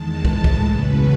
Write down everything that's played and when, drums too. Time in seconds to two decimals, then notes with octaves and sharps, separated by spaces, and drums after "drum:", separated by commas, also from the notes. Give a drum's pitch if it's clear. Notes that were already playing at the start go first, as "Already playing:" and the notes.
Already playing: E2 D#3 G#3 A5
0.25 A2 E3 G#3, drum: kick
0.44 drum: kick
0.64 E2 C#3 F#3 C#4 B4